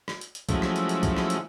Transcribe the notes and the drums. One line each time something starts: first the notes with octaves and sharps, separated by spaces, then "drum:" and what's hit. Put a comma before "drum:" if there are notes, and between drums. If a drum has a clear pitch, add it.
drum: rim click
drum: hi-hat
drum: hi-hat
F3 F#3 G#3 A3 C#4 E4, drum: kick, hi-hat
drum: rim click
drum: hi-hat
drum: hi-hat
drum: kick, hi-hat
drum: rim click
drum: hi-hat